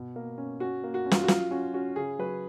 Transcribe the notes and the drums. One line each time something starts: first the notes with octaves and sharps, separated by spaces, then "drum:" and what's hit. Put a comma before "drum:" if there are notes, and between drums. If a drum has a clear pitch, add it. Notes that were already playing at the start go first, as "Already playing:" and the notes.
Already playing: B2
A#3
C#4
C#4 F#4
A#3
F#4
C#4
F4, drum: snare
F#4
F#3 F4, drum: snare
C#4 F#4
C#4 F#4
C#3 G#4
F#3 B4